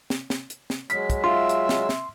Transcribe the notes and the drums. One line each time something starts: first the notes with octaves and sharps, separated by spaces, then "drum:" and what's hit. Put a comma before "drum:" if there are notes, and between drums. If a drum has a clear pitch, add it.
drum: snare
drum: snare
drum: hi-hat
drum: snare
F#3 G#3 B6, drum: hi-hat
drum: kick, hi-hat
F4 E5 C6
drum: hi-hat
drum: snare
drum: snare